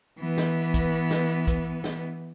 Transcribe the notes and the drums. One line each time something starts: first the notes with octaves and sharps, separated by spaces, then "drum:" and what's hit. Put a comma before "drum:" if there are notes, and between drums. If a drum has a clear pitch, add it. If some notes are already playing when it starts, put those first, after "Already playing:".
E3 B3
drum: snare
drum: kick, hi-hat
drum: snare
drum: kick, hi-hat
drum: snare